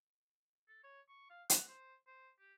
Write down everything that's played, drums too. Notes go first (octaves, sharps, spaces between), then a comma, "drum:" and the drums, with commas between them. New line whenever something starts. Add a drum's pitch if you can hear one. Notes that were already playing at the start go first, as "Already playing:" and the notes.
A4
C#5
C#6
F5
F#5, drum: hi-hat
C5
C5
G4